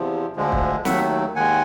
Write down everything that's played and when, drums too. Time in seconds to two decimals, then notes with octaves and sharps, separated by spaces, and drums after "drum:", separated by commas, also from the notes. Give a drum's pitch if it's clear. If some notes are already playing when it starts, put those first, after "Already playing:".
Already playing: E2 C3 F3
0.36 D2 D3 F3 G#3
0.52 drum: kick
0.85 D#2 D#3 F#3 A3 E5 F#5, drum: snare
1.35 D#2 D#3 G#3 F#5 G#5